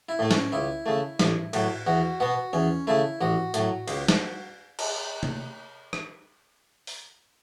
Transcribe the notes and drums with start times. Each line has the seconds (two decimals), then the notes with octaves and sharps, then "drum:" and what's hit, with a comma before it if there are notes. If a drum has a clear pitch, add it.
0.09 E4
0.19 A2 A3
0.31 C#4, drum: snare
0.52 C#2 E4
0.86 C#3 A3
1.19 A1, drum: snare
1.53 A2 F#3, drum: cymbal
1.87 E2 F#4
2.20 B2 B3 F#4
2.53 E2 C#4
2.87 C#3 A3 E4
3.21 A1 F#4
3.54 A2 F#3, drum: hi-hat
3.88 C#2, drum: cymbal
4.08 drum: snare
4.79 drum: cymbal
5.23 drum: tom C3
5.93 drum: rim click
6.87 drum: open hi-hat